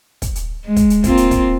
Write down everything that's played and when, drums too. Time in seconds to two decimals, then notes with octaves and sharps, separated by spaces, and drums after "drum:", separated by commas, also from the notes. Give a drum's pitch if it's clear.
0.22 drum: kick, hi-hat
0.35 drum: hi-hat
0.65 G#3
0.76 drum: kick, hi-hat
0.90 drum: hi-hat
1.04 A#3 C4 F4, drum: kick, hi-hat
1.17 drum: hi-hat
1.31 drum: kick, hi-hat